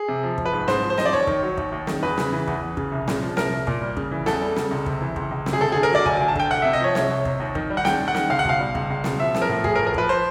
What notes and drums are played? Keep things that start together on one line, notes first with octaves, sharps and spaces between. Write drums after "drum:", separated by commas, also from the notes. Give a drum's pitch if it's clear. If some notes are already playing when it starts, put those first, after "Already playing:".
Already playing: G#4
C3
F3
F3, drum: kick
B4
G#2
G#2 C5, drum: snare
F3
C5
F3 D#5, drum: snare
D5
D#2 C#5
D#3, drum: kick
F#3
D#2, drum: kick
D#2
D#3, drum: snare
E2 B4
C#3, drum: snare
E3
E2, drum: kick
E2
C#3, drum: kick
C2
A#2, drum: snare
F3
C2 A#4, drum: snare
C2
A#2, drum: kick
G3
C#3, drum: kick
E3
E2 A4, drum: snare
G3
C#3, drum: snare
C#2
C3, drum: kick
E3
C#2, drum: kick
C#2
C3, drum: snare
G#4
D2 A4
D3 G#4
A#4
F#3 D5
D2 G#5, drum: kick
D2 G#5
A5
D3 G5, drum: kick
C2 F#5
C3 E5
D#5
F3 C#5
C2 C#5, drum: snare
C2
C3, drum: kick
D#2
D#3, drum: kick
G3
F#5
D#2 G5, drum: snare
D#2
F#5
D#3, drum: snare
C#2 F5
F#5
B2 F5, drum: kick
G3
C#2, drum: kick
C#2
B2, drum: snare
F3 E5
F3, drum: snare
A#4
A2
A2 G#4, drum: kick
A#4
F3
A#4
F3 B4, drum: kick
C5